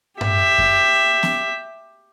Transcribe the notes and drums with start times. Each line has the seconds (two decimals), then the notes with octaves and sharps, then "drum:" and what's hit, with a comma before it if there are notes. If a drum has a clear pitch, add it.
0.21 G4 E5, drum: tom G2
0.59 drum: kick F#2
1.23 drum: snare B3